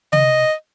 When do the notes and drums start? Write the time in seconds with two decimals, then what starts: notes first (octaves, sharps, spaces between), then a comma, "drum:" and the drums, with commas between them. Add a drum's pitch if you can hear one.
0.13 D#5, drum: tom C3